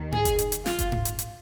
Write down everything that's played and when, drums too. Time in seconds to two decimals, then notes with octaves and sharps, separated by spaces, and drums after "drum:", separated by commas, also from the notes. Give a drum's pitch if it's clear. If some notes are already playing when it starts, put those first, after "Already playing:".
Already playing: D#2 D#3
0.12 G#4, drum: tom G#2
0.25 drum: kick F#1, hi-hat
0.39 drum: hi-hat
0.52 drum: hi-hat
0.66 F4, drum: snare
0.79 drum: kick F#1, hi-hat
0.92 drum: tom G#2
1.05 drum: hi-hat
1.19 drum: hi-hat